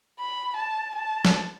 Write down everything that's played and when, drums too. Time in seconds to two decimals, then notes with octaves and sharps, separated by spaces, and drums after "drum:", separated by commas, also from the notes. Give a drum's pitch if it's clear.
0.20 B5
0.57 A5
0.96 A5
1.25 drum: snare